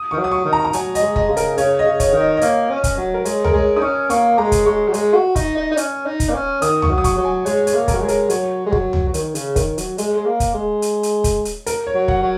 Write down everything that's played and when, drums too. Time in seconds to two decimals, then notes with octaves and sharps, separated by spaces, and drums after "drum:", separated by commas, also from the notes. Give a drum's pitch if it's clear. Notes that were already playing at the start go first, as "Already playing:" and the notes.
Already playing: D#6
0.11 D#3 C#6
0.18 F#3
0.24 D#6
0.32 C#6
0.45 D#3
0.53 A#5
0.65 A#5
0.73 F#3 G#5, drum: hi-hat
0.95 D#5, drum: hi-hat
1.02 G#3
1.16 D#5, drum: kick
1.29 C#3
1.37 A#4, drum: hi-hat
1.58 C#3 C#5, drum: hi-hat
1.79 D#5
1.86 C#3
2.00 C#5, drum: kick, hi-hat
2.13 D#3
2.21 D#5
2.37 D#5
2.41 A#3 C#5, drum: hi-hat
2.70 C#4
2.84 drum: kick, hi-hat
2.97 F#3
3.14 A#4
3.25 G#3 C#5, drum: hi-hat
3.44 A#4, drum: tom
3.53 G#3 C#5
3.76 D#4 D#6
3.82 C#4 C#6
4.10 A#3 C#6, drum: hi-hat
4.38 G#3 A#5
4.52 drum: kick, hi-hat
4.66 G#3 C#6
4.89 F#3
4.94 G#3, drum: hi-hat
5.15 F#4
5.36 D#4, drum: kick, hi-hat
5.57 D#4
5.72 D#4
5.77 C#4, drum: hi-hat
6.06 D#4
6.20 drum: kick, hi-hat
6.29 A#3
6.34 C#4
6.62 D#3 D#6, drum: hi-hat
6.82 C#6, drum: tom
6.90 F#3
6.98 D#6
7.04 C#6, drum: kick, hi-hat
7.18 F#3
7.25 G#5
7.46 G#3 C#5, drum: hi-hat
7.67 C#5, drum: hi-hat
7.74 A#3
7.88 A#4, drum: kick, hi-hat
7.94 F#3
8.02 G#3 C#5
8.08 A#4, drum: hi-hat
8.30 F#3 C#5, drum: hi-hat
8.66 G#3
8.72 F#3, drum: kick
8.93 drum: tom
9.09 F#3
9.14 D#3, drum: hi-hat
9.35 C#3, drum: hi-hat
9.56 D#3, drum: kick, hi-hat
9.78 F#3, drum: hi-hat
9.98 G#3, drum: hi-hat
10.17 G#3
10.26 A#3
10.40 drum: kick, hi-hat
10.54 G#3
10.82 drum: hi-hat
11.03 drum: hi-hat
11.24 drum: kick, hi-hat
11.45 drum: hi-hat
11.66 A#4, drum: hi-hat
11.87 C#5
11.94 F#3
12.08 F#5, drum: kick
12.22 F#3